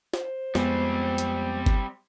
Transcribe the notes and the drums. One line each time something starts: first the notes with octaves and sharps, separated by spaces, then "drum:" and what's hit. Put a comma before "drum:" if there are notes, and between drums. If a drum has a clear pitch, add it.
C5, drum: snare
F2 G3 G#3 B3 C4, drum: snare
drum: hi-hat
drum: kick G1